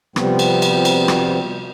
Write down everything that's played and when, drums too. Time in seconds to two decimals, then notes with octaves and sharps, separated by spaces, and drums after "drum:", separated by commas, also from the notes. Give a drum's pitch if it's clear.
0.16 C3 F3 G3 B3 C4, drum: rim click
0.39 drum: cymbal
0.62 drum: cymbal
0.85 drum: cymbal
1.08 drum: rim click